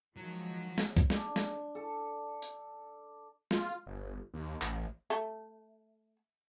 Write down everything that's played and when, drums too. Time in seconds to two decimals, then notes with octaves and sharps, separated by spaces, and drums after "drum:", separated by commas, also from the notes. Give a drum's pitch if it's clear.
0.16 D#3 F3 F#3 G#3
0.78 drum: snare
0.97 drum: kick C2
1.10 D4, drum: snare
1.36 drum: snare
1.75 A4
2.42 drum: hi-hat
3.51 F4, drum: snare
3.87 G1
4.34 D#2
4.61 A1, drum: clap
5.10 A3